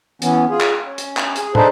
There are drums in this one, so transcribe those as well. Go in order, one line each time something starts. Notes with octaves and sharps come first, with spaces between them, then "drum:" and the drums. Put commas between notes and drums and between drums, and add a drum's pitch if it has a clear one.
E3 B3 C#4, drum: hi-hat
F4 G#4
drum: clap
C#4
drum: hi-hat
drum: clap
G#4, drum: hi-hat
D4 D#4 G#4 A4 B4 C5, drum: tom